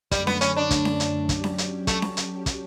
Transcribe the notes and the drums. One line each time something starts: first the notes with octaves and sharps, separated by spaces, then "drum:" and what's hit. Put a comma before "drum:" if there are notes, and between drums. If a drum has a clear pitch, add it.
F#2 D3 G3 A3, drum: kick, hi-hat
B3, drum: snare C#4
C#4, drum: hi-hat
D4
drum: kick, hi-hat
drum: snare C#4
drum: hi-hat
F#3 C#4 G4, drum: kick, hi-hat
drum: snare C#4
drum: hi-hat
A3, drum: kick, hi-hat
drum: snare C#4
drum: hi-hat
drum: kick, hi-hat